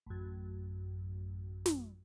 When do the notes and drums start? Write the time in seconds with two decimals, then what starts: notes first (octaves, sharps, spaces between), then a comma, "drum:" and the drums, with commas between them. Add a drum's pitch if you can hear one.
0.06 A1 F#2
1.66 drum: snare